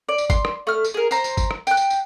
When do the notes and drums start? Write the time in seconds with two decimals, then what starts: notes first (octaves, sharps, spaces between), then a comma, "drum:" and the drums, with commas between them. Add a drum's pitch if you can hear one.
0.09 D5
0.18 drum: tambourine
0.30 C6, drum: kick G1, tambourine
0.45 drum: rim click
0.67 A3 F6
0.84 drum: tambourine
0.94 G#4 A#4
1.11 C5 A#5, drum: tambourine
1.24 drum: tambourine
1.37 drum: kick G1, tambourine
1.51 drum: rim click
1.67 G5 F#6, drum: tambourine
1.77 drum: tambourine
1.90 drum: tambourine